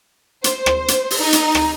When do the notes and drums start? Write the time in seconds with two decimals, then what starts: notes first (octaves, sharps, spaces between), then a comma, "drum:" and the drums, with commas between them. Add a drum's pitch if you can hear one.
0.44 C5, drum: hi-hat
0.66 drum: rim click
0.88 drum: hi-hat
1.10 drum: open hi-hat
1.20 D#4
1.33 drum: hi-hat
1.55 drum: rim click